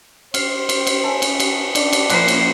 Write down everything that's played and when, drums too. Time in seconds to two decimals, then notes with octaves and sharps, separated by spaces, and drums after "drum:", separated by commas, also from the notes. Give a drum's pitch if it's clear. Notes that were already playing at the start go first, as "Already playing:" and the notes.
0.34 C5 F6 C7, drum: cymbal
0.69 drum: cymbal
0.87 drum: cymbal
1.04 A4 C#5 G#5 A5
1.22 drum: cymbal
1.40 drum: cymbal
1.75 D4 D5, drum: cymbal
1.93 drum: cymbal
2.10 A#2 F3 E4 A#4 C5 D6 F#6, drum: cymbal
2.28 drum: cymbal